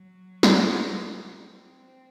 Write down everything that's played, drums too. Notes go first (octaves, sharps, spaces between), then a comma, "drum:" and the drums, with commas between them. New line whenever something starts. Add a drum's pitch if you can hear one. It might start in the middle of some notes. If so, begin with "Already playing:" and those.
Already playing: F#3
drum: snare
C4